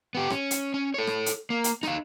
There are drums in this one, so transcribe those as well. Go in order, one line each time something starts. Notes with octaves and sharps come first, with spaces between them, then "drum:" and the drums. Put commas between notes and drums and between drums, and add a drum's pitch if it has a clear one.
B3 G4
C#4, drum: rim click
drum: hi-hat
C#4
A4 C#5
drum: rim click
drum: hi-hat
A#3
drum: hi-hat
D#4 F5, drum: rim click